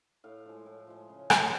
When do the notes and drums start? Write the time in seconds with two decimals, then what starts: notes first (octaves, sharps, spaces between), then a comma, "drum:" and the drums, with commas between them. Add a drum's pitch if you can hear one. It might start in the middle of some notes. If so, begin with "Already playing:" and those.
0.24 A2 F5
0.46 F3 G#3
0.66 A2
0.87 F3 G#3
1.09 C#3
1.30 F#3 A3, drum: rim click